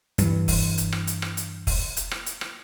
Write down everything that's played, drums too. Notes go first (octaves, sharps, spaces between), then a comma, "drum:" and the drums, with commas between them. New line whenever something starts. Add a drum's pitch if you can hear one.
G2 E3, drum: hi-hat
drum: kick, open hi-hat
drum: hi-hat
drum: rim click
drum: hi-hat
drum: rim click
drum: hi-hat
drum: kick, open hi-hat
drum: hi-hat
drum: rim click
drum: hi-hat
drum: rim click